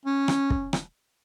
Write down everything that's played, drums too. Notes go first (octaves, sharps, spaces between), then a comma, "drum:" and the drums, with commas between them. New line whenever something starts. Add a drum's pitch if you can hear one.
C#4
drum: rim click
drum: kick
drum: rim click